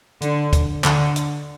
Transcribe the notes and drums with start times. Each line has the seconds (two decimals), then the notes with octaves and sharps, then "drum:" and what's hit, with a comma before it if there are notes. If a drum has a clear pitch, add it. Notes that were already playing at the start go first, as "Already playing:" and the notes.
0.22 D3, drum: hi-hat
0.53 drum: kick, hi-hat
0.84 D3, drum: clap
1.16 drum: hi-hat